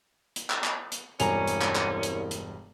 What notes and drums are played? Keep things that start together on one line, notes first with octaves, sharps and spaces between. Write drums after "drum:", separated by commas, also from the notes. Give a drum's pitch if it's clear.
drum: hi-hat
drum: clap
drum: clap
drum: hi-hat
E1 C2 G2 C#4 G#4 A#5 C#6 F7, drum: hi-hat
drum: hi-hat
drum: clap
drum: clap
drum: hi-hat
drum: hi-hat